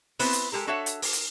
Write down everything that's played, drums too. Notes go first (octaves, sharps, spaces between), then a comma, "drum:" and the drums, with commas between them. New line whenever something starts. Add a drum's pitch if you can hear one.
B3 C4 E4 B4 C5, drum: open hi-hat
drum: hi-hat
G#3 G4 A4 A#4
D4 F#4 A4 C#5 E5 F#5
drum: hi-hat
A#4, drum: open hi-hat
drum: hi-hat